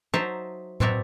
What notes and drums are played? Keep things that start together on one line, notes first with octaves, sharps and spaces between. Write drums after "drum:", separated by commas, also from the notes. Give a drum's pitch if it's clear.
F#3 D#4 C5 E5 A5 A#5
B2 C4 F#4 D5 E5 A#5, drum: tom